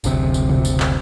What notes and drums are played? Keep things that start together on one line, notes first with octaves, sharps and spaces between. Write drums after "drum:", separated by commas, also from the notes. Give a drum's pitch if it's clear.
F#1 D2 C3, drum: tambourine
drum: tambourine
drum: tom
drum: tambourine
drum: clap